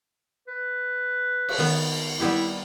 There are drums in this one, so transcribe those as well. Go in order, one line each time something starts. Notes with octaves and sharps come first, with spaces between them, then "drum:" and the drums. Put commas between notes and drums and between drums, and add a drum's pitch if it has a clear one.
B4
drum: cymbal
D#3 B3
G3 B3 E4 G4